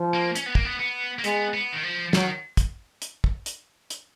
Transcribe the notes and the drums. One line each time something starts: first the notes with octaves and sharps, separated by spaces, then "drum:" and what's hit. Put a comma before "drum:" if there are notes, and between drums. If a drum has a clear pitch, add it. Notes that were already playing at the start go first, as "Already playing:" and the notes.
Already playing: F3
A#3
C#4, drum: hi-hat
B3
A#3, drum: kick
B3
B3
A#3
G#3 B3, drum: hi-hat
B3
D#3
F3
D#3 F#3, drum: snare
drum: kick, hi-hat
drum: hi-hat
drum: kick
drum: hi-hat
drum: hi-hat